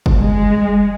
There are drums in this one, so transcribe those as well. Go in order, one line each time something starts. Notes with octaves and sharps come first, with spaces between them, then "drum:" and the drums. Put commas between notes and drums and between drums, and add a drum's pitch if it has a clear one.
drum: kick
G#3